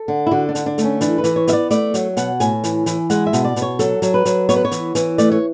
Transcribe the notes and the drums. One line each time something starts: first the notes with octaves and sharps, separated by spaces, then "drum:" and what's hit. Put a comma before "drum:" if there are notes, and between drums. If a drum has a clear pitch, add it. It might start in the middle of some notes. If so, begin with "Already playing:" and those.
Already playing: A4
D3
E4
D3 F#4
D4
D3, drum: hi-hat
D4
A3, drum: hi-hat
C#4
E3 D4, drum: hi-hat
B4
E3, drum: hi-hat
C#5
B3 E5, drum: hi-hat
D5
A3 D5, drum: hi-hat
F#3, drum: hi-hat
B2 F#5, drum: hi-hat
A2 G#5, drum: hi-hat
E3, drum: hi-hat
E3, drum: hi-hat
G#3 F#5, drum: hi-hat
E5
B2, drum: hi-hat
D5
B2, drum: hi-hat
C#5
F#3 A4, drum: hi-hat
F#3, drum: hi-hat
B4
F#3, drum: hi-hat
B3 C#5, drum: hi-hat
B4
C#5
E3, drum: hi-hat
E3, drum: hi-hat
A3 D5, drum: hi-hat
C#5